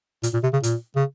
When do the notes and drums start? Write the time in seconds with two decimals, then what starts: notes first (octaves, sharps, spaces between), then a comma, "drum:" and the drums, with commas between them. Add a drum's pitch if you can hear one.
0.23 A#2, drum: hi-hat
0.34 A#2
0.43 C3
0.54 C#3
0.63 A#2, drum: hi-hat
0.96 C#3